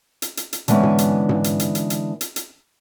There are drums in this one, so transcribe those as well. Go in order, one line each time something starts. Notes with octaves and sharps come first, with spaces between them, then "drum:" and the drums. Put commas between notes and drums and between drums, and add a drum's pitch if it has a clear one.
drum: hi-hat
drum: hi-hat
drum: hi-hat
D3 E3 G#3 B3 C#4, drum: hi-hat
drum: tom G#2
drum: hi-hat
drum: tom G#2
drum: hi-hat
drum: hi-hat
drum: hi-hat
drum: hi-hat
drum: hi-hat
drum: hi-hat